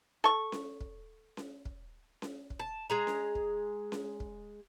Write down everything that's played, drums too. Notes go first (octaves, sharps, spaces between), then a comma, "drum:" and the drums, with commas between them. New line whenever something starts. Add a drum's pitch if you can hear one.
A4 C#6
drum: snare C#4
drum: kick
drum: snare C#4
drum: kick
drum: snare C#4
drum: kick
A5
G#3 G#4 A#5
drum: snare C#4
drum: kick
drum: snare C#4
drum: kick